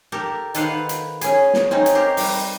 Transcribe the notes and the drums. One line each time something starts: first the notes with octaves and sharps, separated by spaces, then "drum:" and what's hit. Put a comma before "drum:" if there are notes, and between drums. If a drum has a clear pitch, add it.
G4 A4 A#4
D#3 A4 B4 C5 F5 F#5, drum: hi-hat
drum: hi-hat
C#4 G#4, drum: hi-hat
drum: snare
C4 C#4 D#4
drum: hi-hat
G4 A#4 C5
G3, drum: open hi-hat